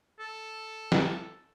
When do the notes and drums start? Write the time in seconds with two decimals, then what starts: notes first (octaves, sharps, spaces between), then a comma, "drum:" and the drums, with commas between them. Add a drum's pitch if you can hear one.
0.19 A4
0.92 drum: snare